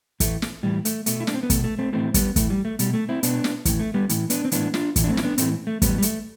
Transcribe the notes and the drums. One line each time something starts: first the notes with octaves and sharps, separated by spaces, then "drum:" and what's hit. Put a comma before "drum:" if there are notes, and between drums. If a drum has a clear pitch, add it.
A2 E3 A3, drum: kick, hi-hat
drum: snare
A2 E3 G3
A3, drum: hi-hat
B2 A3, drum: hi-hat
E4
D4, drum: snare
C4
B3
B2 A3, drum: kick, hi-hat
A3
A3 C4
A2 E3 A3 C4
G3 B3, drum: kick, hi-hat
A2 E3 A3, drum: kick, hi-hat
G3
A3
B2 G3, drum: hi-hat
A3
C4 E4
B2 B3 D4, drum: hi-hat
drum: snare
A2 E3, drum: kick, hi-hat
A3
G3 B3
A2 E3, drum: hi-hat
B3 D4, drum: hi-hat
C4
A2 E3 B3 D4, drum: hi-hat
D4 F4, drum: snare
A2 E3, drum: kick, hi-hat
D4
A3 C4
E4, drum: snare
B3 D4
A2 E3 A3 C4, drum: hi-hat
A3
A2 E3 G3 B3, drum: kick, hi-hat
G3
A3, drum: hi-hat